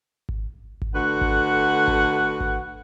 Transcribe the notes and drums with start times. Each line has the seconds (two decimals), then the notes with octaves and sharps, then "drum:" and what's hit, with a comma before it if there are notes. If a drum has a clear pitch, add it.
0.29 drum: kick G#1
0.82 drum: kick G#1
0.95 D3 A3 F#4 B4 F#5
1.21 drum: kick G#1
1.87 drum: kick G#1
2.40 drum: kick G#1